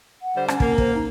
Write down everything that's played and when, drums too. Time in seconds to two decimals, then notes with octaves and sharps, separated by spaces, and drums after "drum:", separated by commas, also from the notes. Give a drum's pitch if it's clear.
0.22 F#5
0.35 D3 G3 C5
0.48 C#4, drum: rim click
0.60 A#3, drum: kick
0.78 C5, drum: kick
0.95 D#4